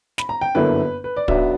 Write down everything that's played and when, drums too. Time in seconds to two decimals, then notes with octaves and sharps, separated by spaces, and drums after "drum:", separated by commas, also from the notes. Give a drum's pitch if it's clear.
0.18 B5, drum: snare
0.29 A#5
0.41 G5
0.55 G1 F#2 D3 A#3 E4 B4
1.04 B4
1.16 D5
1.28 B1 B2 F#3 B3 D4 E5, drum: kick